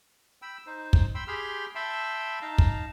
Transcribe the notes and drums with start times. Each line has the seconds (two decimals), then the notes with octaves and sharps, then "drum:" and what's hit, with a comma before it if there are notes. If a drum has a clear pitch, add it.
0.42 G5 B5 E6
0.67 D#4 C5
0.93 drum: kick
1.15 G5 B5 C6 E6
1.28 G4 G#4 G5 B5 C6 F6
1.75 E5 G5 A5 B5 C6
2.42 D#4 F5 A5 A#5
2.58 drum: kick